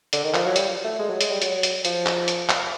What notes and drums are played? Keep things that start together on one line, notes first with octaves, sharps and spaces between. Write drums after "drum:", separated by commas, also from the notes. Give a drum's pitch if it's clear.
D3, drum: hi-hat
D#3
F3, drum: clap
F#3
G3, drum: hi-hat
A3
G#3
F#3
G#3, drum: hi-hat
G3
F#3, drum: hi-hat
drum: hi-hat
F3, drum: hi-hat
drum: clap
drum: hi-hat
drum: clap